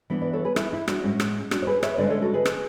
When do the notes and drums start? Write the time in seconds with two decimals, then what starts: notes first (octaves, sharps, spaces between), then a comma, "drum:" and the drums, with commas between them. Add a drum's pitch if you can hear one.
0.10 E3 B3 D4
0.21 B4 D5
0.33 A4 C#5
0.45 G#4 B4
0.56 E4 G#4, drum: rim click
0.73 E4
0.88 D4 F#4, drum: rim click
1.04 A2 G#3 C#4
1.20 drum: rim click
1.51 D4 F#4, drum: rim click
1.62 C#5
1.67 G#4 B4
1.83 C#5 E5, drum: rim click
1.98 D3 G#3 C#4 B4 D5
2.10 A4 C#5
2.22 F#4 A4
2.33 G#4 B4
2.45 drum: rim click